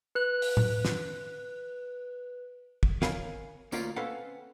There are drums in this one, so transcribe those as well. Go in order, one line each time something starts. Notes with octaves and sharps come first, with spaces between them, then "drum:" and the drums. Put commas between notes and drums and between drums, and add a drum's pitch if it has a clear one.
B4 F#6
drum: open hi-hat
drum: tom A2
drum: snare
drum: kick
A#4 C#5 F5 G#5 B5, drum: snare
D2 A#3 C#4 F4 A#4 F5, drum: tambourine
C4 C#4 A4 B4 F5 F#5